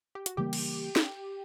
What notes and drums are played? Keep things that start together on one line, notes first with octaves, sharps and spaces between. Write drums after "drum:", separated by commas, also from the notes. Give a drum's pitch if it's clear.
G4
F#4, drum: hi-hat
C#3 E3 G3 A#3 G4
drum: cymbal
drum: snare